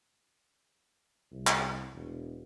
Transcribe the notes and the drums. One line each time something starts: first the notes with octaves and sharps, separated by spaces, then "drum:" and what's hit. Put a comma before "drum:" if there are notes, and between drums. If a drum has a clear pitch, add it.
C2
drum: clap
E1